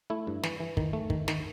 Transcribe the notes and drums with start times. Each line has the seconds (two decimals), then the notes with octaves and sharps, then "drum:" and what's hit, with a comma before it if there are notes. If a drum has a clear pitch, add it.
0.10 A3 E4
0.27 G2
0.43 E3, drum: snare
0.60 E3
0.77 D#3, drum: kick
0.93 A3
1.10 D#3, drum: kick
1.28 D#3, drum: snare